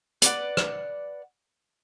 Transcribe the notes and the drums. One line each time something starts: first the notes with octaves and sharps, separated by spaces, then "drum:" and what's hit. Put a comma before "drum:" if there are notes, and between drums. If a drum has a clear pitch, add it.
B4 D5 F#5, drum: hi-hat
drum: rim click